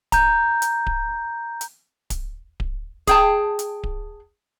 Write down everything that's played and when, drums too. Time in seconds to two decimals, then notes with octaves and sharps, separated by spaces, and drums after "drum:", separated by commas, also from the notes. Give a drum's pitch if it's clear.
0.12 A#5 G6, drum: kick D1, hi-hat
0.62 drum: hi-hat
0.87 drum: kick D1
1.61 drum: hi-hat
2.10 drum: kick D1, hi-hat
2.60 drum: kick D1
3.07 G#4 G5 A5, drum: kick D1, hi-hat
3.59 drum: hi-hat
3.83 drum: kick D1